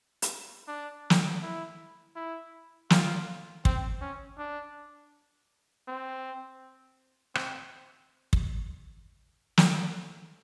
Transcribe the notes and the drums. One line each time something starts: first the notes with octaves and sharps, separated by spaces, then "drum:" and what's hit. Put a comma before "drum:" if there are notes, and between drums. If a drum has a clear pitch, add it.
drum: hi-hat
D4
drum: snare
E4
E4
F4, drum: snare
C4, drum: kick
C#4
D4
C4
C4, drum: rim click
drum: kick
drum: snare